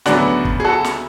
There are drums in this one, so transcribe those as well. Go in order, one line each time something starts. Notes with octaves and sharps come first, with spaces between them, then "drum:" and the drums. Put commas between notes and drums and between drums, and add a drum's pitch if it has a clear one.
D2 C#3 F#3 B3 D4 F#4, drum: snare
drum: kick
G#4
F#4 A4
drum: snare